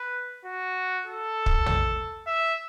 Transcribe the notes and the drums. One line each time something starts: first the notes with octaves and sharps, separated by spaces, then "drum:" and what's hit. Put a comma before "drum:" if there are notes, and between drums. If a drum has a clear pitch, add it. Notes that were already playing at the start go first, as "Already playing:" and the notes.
Already playing: B4
F#4
A4
drum: kick
drum: tom
E5